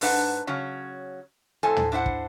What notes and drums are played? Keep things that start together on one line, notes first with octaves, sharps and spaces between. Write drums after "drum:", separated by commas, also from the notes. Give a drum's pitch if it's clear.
G#2 D4 B4 F#5, drum: open hi-hat
C#3 F#3 C#4
F2 A2 A4 C5 G#5
drum: tom
D4 E4 C5 F#5
drum: kick